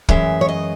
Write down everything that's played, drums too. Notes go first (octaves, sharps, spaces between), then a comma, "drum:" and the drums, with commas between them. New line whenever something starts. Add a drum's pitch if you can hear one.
F#2 E3 G#3 E5, drum: kick
C#5
D#5